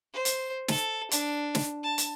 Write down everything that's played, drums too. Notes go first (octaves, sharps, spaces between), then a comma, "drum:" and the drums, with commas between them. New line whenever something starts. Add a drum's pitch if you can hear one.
C5
drum: hi-hat
A4, drum: snare
D4, drum: hi-hat
drum: snare
A5
drum: hi-hat